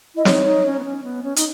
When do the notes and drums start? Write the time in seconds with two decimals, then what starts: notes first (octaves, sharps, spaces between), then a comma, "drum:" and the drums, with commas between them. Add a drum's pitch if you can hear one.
0.15 E4 D#5
0.25 D#4 C#5, drum: snare
0.45 D#4
0.66 C#4
0.79 B3
0.84 C#4
1.04 B3
1.23 C#4
1.36 D#4, drum: hi-hat